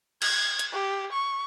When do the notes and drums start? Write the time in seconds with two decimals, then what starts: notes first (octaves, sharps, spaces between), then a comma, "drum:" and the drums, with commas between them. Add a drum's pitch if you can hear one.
0.22 G#6, drum: cymbal
0.59 drum: hi-hat
0.73 G4
1.13 C#6